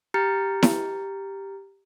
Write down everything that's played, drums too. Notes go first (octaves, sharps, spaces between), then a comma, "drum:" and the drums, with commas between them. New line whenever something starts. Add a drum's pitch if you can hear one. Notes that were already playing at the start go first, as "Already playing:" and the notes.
G4 A#5 F6 G6 A6 C#7
drum: snare E4